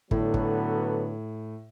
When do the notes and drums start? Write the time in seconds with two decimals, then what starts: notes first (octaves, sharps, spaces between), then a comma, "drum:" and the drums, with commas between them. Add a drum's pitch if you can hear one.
0.11 A2 D3 F#3 B3, drum: kick
0.34 drum: kick